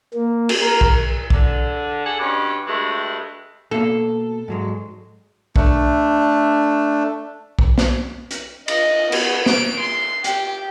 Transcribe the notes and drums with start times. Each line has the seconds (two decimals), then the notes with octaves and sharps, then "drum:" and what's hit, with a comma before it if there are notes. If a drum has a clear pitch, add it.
0.14 A#3
0.49 drum: cymbal
0.62 A#4
0.81 drum: kick B1
1.30 D3, drum: kick B1
2.05 G#4 A4 F#5
2.19 G2 B2 C#4 D5
2.67 G2 G#3 A3 F#4
3.71 B2 A#3 A4 F5
4.48 G#2 F#3 G#3
5.56 A3 D4, drum: kick B1
7.59 drum: kick B1
7.78 drum: snare
8.31 drum: hi-hat
8.68 D#5, drum: cymbal
9.12 B3, drum: cymbal
9.46 D7, drum: snare
9.80 C6
10.24 G4, drum: hi-hat